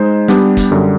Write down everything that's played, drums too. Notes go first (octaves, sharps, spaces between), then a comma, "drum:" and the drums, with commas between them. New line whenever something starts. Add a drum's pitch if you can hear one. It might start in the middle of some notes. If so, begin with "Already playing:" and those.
Already playing: G#3 D#4 C5
G3 B3 D4 G4, drum: snare
drum: kick F1, hi-hat
F#2 D3 G3